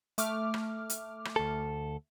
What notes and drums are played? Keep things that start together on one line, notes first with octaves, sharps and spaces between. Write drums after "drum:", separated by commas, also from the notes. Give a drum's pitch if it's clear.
A3 D6 F6, drum: hi-hat
drum: rim click
drum: hi-hat
drum: rim click
D2 A4